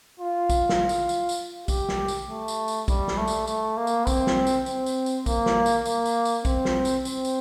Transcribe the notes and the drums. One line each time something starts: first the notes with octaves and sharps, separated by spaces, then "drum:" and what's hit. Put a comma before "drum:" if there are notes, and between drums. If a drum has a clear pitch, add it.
F4
drum: kick A#1, tambourine
drum: snare
drum: tambourine
drum: tambourine
drum: tambourine
G4, drum: kick A#1, tambourine
drum: snare
drum: tambourine
A3
drum: tambourine
drum: tambourine
G3, drum: kick A#1, tambourine
drum: snare
A3
drum: tambourine
A3, drum: tambourine
A#3
drum: tambourine
C4, drum: kick A#1, tambourine
drum: snare
drum: tambourine
C4, drum: tambourine
drum: tambourine
drum: tambourine
A#3, drum: kick A#1, tambourine
drum: snare
drum: tambourine
A#3, drum: tambourine
drum: tambourine
drum: tambourine
C4, drum: kick A#1, tambourine
drum: snare
drum: tambourine
C4, drum: tambourine
drum: tambourine